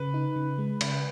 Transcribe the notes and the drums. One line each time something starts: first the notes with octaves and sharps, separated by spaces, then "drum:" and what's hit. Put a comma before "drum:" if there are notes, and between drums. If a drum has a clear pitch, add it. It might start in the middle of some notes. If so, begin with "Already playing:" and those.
Already playing: C#3 B4
D#4
C#3
G#3
C#3, drum: cymbal